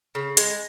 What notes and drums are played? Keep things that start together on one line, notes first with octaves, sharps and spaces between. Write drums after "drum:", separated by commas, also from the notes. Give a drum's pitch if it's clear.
C#3
G#3, drum: hi-hat